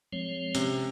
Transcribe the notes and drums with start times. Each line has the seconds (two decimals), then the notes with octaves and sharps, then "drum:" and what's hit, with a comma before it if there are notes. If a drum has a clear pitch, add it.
0.13 F3 G#3 C4 C#5
0.55 C3 C#4, drum: hi-hat